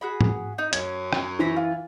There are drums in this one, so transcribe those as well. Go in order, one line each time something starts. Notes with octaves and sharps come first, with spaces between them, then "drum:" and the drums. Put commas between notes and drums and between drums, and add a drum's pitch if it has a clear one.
F#4 G#4 B5
drum: tom G#2
D#4
F#2 C#4 G#6, drum: hi-hat
drum: rim click
E3 C5 A#5 B5
F4